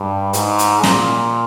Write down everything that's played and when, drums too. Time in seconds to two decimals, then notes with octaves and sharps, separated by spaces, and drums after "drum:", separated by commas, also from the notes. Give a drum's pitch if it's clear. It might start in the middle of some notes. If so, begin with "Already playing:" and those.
Already playing: G2
0.33 G#2, drum: hi-hat
0.59 drum: hi-hat
0.83 A#2, drum: snare